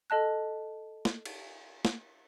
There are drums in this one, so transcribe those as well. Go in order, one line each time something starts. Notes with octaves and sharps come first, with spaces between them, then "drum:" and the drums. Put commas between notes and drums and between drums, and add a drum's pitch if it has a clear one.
A4 D#5 A5 F#6
drum: snare
drum: cymbal
drum: snare